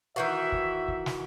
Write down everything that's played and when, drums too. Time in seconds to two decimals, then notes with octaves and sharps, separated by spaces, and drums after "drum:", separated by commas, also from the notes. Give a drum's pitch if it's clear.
0.16 D#3 E3 F#4 E5
0.52 drum: kick
0.88 drum: kick
1.06 drum: snare